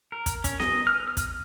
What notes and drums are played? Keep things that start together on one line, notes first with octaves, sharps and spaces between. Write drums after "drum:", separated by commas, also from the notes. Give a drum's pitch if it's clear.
A#4
drum: kick, hi-hat
C#4, drum: kick, hi-hat
D#5, drum: snare B3
F6
F6
drum: kick, hi-hat